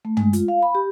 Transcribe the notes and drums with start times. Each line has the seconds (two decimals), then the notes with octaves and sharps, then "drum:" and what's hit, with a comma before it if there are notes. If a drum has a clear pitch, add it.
0.05 A3
0.17 G#3, drum: tom
0.33 F4, drum: hi-hat
0.48 F5
0.63 B5
0.75 G4